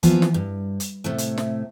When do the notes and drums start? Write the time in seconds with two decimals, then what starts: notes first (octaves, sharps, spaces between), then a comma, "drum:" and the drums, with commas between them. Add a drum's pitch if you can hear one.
0.03 E3 F3 A#3 B3, drum: kick, hi-hat
0.22 drum: snare
0.34 G2
0.80 drum: hi-hat
1.04 A2 C3 A3
1.18 drum: hi-hat
1.38 drum: snare